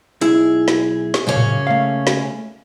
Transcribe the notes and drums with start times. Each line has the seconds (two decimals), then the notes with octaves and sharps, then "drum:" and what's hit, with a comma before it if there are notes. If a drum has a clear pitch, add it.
0.21 B1 E4 G#4, drum: hi-hat
0.68 drum: snare
1.14 drum: snare
1.27 F#2 C#3 A#3 C#4
1.37 drum: tom A2
1.67 A3 F5
2.07 drum: snare